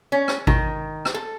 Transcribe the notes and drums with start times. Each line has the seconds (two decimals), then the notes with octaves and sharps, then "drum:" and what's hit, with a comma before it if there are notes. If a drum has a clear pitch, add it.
0.12 C#4
0.28 drum: rim click
0.47 D#3, drum: kick G#1
1.05 drum: rim click
1.14 A4